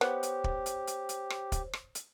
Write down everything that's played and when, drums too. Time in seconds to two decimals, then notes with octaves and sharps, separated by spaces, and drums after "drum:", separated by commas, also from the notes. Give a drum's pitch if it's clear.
0.01 B3 G4 C5 C#5, drum: rim click
0.23 drum: hi-hat
0.44 drum: kick
0.66 drum: hi-hat
0.87 drum: hi-hat
1.09 drum: hi-hat
1.30 drum: rim click
1.52 drum: kick, hi-hat
1.73 drum: rim click
1.95 drum: hi-hat